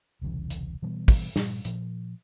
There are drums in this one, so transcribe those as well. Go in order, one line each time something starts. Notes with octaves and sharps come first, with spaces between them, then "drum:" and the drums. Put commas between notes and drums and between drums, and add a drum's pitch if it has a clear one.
E1 C2 C#3 E3
drum: hi-hat
B2 E3 G3 B3
drum: kick, open hi-hat
G2 A#2 G3, drum: snare
A#2 F3, drum: hi-hat